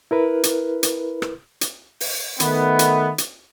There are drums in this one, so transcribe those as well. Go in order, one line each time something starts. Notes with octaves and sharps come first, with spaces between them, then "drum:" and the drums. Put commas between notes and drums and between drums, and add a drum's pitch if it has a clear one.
E4 A#4 B4
drum: hi-hat
drum: hi-hat
drum: rim click
drum: hi-hat
drum: open hi-hat
D#3 A3 B3, drum: hi-hat
drum: hi-hat
drum: hi-hat